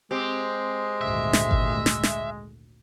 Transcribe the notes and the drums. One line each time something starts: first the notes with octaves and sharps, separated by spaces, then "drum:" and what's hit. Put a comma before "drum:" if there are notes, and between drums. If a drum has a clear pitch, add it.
G#3 C4 G4
G#1 D2 A#2 E5
drum: snare
drum: kick G#1
drum: snare
drum: snare